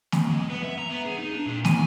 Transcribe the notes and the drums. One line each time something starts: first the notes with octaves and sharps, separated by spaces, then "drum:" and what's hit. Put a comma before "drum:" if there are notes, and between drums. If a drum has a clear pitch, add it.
drum: snare
G#3
B3
E5
A#5
B3
G#4
D#4
D4
A#2
G#5, drum: snare